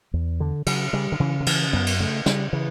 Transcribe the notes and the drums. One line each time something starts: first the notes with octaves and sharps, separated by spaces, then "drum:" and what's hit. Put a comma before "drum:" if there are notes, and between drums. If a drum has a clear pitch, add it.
E2
D3
C#3 F#3, drum: cymbal
C#3 G3
D3
C#3 E3
D3
C#3 E3, drum: cymbal
F#2 B3
drum: cymbal
C#3 A3
C#3 G3, drum: snare
C#3 E3